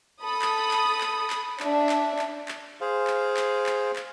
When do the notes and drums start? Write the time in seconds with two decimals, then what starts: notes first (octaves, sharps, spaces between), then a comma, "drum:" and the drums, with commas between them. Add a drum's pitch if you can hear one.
0.22 A4 B5 D#6
0.42 drum: clap
0.71 drum: clap
1.01 drum: clap
1.30 drum: clap
1.60 D4 E5, drum: clap
1.89 drum: clap
2.19 drum: clap
2.48 drum: clap
2.81 G#4 C5 F5
3.07 drum: clap
3.37 drum: clap
3.66 drum: clap
3.96 drum: clap